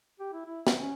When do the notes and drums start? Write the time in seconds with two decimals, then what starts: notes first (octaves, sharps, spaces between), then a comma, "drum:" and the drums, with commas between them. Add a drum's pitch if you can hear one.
0.20 G4
0.33 E4
0.46 E4
0.67 B3, drum: snare
0.79 C#4